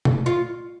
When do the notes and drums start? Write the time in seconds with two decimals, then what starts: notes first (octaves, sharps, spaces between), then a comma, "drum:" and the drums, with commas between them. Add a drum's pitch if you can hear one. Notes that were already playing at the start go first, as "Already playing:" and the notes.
0.05 drum: tom
0.26 F4